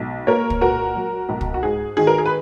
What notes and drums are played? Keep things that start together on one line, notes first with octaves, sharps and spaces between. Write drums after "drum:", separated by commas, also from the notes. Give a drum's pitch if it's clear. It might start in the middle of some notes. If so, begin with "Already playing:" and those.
Already playing: B1
A#3 A#4 C#5
drum: kick
A#2 F#4 A#4
F#3
B1
drum: kick
F#4
G#2 G#4
D#3 G#4
A#4
G#4
B4